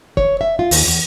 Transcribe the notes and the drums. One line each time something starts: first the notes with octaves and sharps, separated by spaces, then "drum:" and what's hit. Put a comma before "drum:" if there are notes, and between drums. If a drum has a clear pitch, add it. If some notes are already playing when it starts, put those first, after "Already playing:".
C#5, drum: kick
E5
F4
D#2, drum: open hi-hat
E2